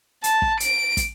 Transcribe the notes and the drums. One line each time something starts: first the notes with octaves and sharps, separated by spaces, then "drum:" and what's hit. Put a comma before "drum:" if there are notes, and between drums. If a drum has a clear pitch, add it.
A5, drum: hi-hat
drum: kick
D7, drum: hi-hat
drum: kick, hi-hat